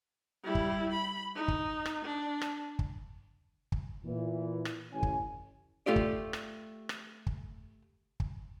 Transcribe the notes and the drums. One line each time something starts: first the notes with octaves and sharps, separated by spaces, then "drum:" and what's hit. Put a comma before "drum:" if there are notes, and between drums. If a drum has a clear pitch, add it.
G3 E4
drum: kick
B5
D#4
drum: kick
drum: rim click
D4
drum: rim click
drum: kick
drum: kick
A#2 E3
drum: rim click
A1 C#4 G#5
drum: kick
A3 F4 G4 D5
drum: kick
drum: rim click
drum: rim click
drum: kick
drum: kick